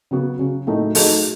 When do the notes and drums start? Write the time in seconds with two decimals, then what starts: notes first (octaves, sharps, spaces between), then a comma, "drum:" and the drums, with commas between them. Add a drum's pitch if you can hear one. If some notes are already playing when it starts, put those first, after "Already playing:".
0.11 C#3 F#3 B3 F#4
0.39 C#3 F#3 C#4
0.67 A2 F#3 A3 D#4
0.95 F#3 A3 D#4 G#4, drum: open hi-hat